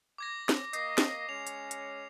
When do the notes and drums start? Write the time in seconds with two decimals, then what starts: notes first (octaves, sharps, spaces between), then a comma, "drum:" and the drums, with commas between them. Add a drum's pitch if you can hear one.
0.18 D6 G#6 A#6
0.49 drum: snare
0.73 A#3 D#5 C7, drum: hi-hat
0.98 drum: snare
1.29 G#3 C#4 F7
1.47 drum: hi-hat
1.71 drum: hi-hat